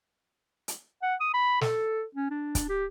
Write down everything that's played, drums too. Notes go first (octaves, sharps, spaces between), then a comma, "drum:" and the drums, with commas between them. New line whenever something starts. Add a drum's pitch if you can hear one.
drum: hi-hat
F#5
D#6
B5
A4, drum: snare
C#4
D4
drum: kick, hi-hat
G4